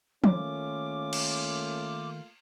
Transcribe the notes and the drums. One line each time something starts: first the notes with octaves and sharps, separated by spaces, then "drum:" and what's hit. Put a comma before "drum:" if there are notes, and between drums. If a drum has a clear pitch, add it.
D#3 A3 A#3 C#4 F4 D6, drum: tom F3
drum: cymbal